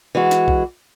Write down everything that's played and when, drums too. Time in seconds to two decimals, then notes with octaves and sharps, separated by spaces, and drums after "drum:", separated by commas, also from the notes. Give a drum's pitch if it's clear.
0.15 E3 G#3 F#4
0.31 drum: snare
0.48 drum: kick B1